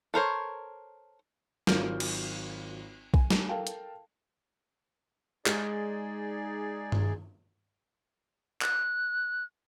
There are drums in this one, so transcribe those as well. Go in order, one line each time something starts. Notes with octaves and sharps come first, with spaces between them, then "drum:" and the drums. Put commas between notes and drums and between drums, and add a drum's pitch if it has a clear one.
A4 A#4 C5 C#5
G#1 F#3 F4 A#4 F6 G6, drum: snare
drum: cymbal
G#5, drum: kick B1
drum: snare
A4 A#4 F5 G5 A5
drum: hi-hat
G#3 D#4 G#4 D5, drum: clap
drum: tom G2
F#6, drum: clap